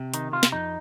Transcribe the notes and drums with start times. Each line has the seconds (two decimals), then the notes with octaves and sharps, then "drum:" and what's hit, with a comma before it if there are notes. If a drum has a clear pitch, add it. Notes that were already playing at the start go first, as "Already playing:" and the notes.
Already playing: C3
0.14 D#3 D#4, drum: hi-hat
0.32 C3 F4
0.43 drum: snare
0.52 F2 D#4